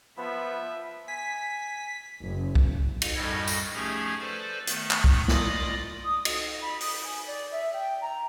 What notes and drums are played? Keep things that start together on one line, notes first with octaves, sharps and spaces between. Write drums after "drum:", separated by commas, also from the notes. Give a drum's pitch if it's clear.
F3 B3 E5 B5
G#5 B6
F#1
drum: kick B1
drum: cymbal
F#2 A2 G3 A4 D#5 G#6
drum: tambourine
F3 A3 C#4 G4 G#4 G#6
A4 B4 C5 D5
D#3 A3 B3, drum: hi-hat
drum: clap
drum: kick B1
F4 D5 D#5 B5 D6 D#6, drum: snare
D#6
D#5, drum: cymbal
B5
D#6, drum: open hi-hat
G#5
D5
E5
G5
A#5